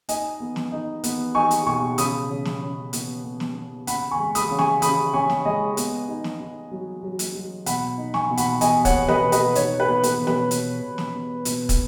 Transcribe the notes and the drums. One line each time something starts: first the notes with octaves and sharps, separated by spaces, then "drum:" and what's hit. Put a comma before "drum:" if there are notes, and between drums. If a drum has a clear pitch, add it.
D#4 D#5 G#5, drum: hi-hat
B3
drum: snare
D#4
B3, drum: hi-hat
D#4 G#5 C#6
drum: hi-hat
B2 G#5 C#6
C#3 B5 D#6, drum: hi-hat
C#3
drum: snare
C#3
B3, drum: hi-hat
B3
drum: snare
B3
C#3 F#5 B5, drum: hi-hat
G#5 C#6
G#3
B5 D#6, drum: hi-hat
C#3
G#5 C#6, drum: snare
C#3 B5 D#6, drum: hi-hat
C#4 G#5 C#6
drum: snare
G#3 D#5 G#5
B3, drum: hi-hat
D#4
drum: snare
D#4
F#3
F#3
drum: hi-hat
F#3
B2 F#5 B5, drum: hi-hat
D#4
G#5 C#6, drum: snare
B2
F#5 B5, drum: hi-hat
B2 D#5 G#5, drum: hi-hat
C#5 F#5, drum: kick, hi-hat
B3
B4 D#5, drum: snare
B2
B4 D#5, drum: hi-hat
D#4 C#5, drum: hi-hat
B4
B3
B4, drum: hi-hat
B2
B4, drum: snare
B2, drum: hi-hat
B2
drum: snare
B3
B2, drum: hi-hat
drum: kick, hi-hat